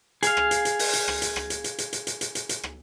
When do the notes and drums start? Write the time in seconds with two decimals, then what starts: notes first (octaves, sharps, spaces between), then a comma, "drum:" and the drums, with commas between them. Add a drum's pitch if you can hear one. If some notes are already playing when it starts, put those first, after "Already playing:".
0.23 G#4 F5, drum: hi-hat
0.37 drum: rim click
0.51 drum: hi-hat
0.65 drum: hi-hat
0.79 drum: open hi-hat
0.93 drum: hi-hat
1.08 drum: rim click
1.22 drum: hi-hat
1.36 drum: rim click
1.50 drum: hi-hat
1.64 drum: hi-hat
1.78 drum: hi-hat
1.93 drum: hi-hat
2.07 drum: hi-hat
2.21 drum: hi-hat
2.35 drum: hi-hat
2.49 drum: hi-hat
2.63 drum: rim click